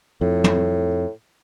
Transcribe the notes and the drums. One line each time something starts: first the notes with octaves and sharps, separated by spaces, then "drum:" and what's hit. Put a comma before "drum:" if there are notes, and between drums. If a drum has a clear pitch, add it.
F2 A2
drum: tom